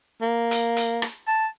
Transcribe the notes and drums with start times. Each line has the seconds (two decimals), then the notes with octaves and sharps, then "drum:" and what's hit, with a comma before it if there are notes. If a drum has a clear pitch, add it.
0.22 A#3
0.51 drum: hi-hat
0.77 drum: hi-hat
1.02 drum: rim click
1.28 A5